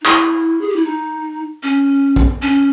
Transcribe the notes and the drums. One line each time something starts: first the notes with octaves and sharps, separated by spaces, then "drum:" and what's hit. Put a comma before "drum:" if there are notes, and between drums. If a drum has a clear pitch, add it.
D#4
E4, drum: clap
G#4
G4
E4
D#4
C#4
drum: kick A#1
C#4